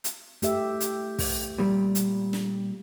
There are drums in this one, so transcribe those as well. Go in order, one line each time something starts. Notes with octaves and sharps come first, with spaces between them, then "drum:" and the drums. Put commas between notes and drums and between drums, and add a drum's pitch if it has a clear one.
drum: hi-hat
A3 G4 E5, drum: hi-hat
drum: hi-hat
drum: kick, open hi-hat
A#2 G3
drum: hi-hat
drum: snare